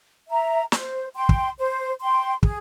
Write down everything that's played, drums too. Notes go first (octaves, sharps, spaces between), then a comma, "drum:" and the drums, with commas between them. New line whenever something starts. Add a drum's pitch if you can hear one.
E5 A#5
C5, drum: snare
G5 C6
drum: kick
C5
G5 C6
G#4, drum: kick